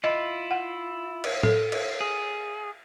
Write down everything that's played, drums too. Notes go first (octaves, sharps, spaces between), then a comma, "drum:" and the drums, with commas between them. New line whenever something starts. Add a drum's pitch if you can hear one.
E4 F4 D#5
F#5
drum: cymbal
A4, drum: tom A2
drum: cymbal
G#4